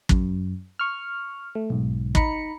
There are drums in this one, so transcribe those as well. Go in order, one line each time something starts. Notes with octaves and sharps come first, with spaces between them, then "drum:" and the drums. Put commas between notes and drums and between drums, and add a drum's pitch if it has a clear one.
F#2, drum: kick
C#6 F6
A3
B1 G#2
D#4 A#5 B5 C#7, drum: kick